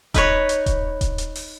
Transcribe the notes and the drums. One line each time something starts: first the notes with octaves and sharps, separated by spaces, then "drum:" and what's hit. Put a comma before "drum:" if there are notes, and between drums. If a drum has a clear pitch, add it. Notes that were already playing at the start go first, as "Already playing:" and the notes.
D#4 B4 C#5, drum: kick D#1, hi-hat
drum: hi-hat
drum: kick D#1, hi-hat
drum: kick D#1, hi-hat
drum: hi-hat
drum: open hi-hat